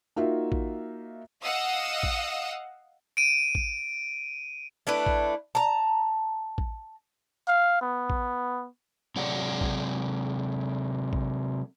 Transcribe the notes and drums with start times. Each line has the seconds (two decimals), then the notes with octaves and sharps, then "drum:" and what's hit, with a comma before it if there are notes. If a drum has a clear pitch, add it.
0.16 A#3 D#4 F4 F#4 E5
0.52 drum: kick A1
1.43 D#5 F5 F#5 D#6 E6
2.03 drum: kick A1
3.17 D7 D#7
3.55 drum: kick A1
4.87 A3 D4 E4 B4
5.06 drum: kick A1
5.55 A5 A#5
6.58 drum: kick A1
7.48 F5
7.81 B3
8.10 drum: kick A1
9.16 C3 F#3 C#5 D5 F#5
9.61 drum: kick A1
11.13 drum: kick A1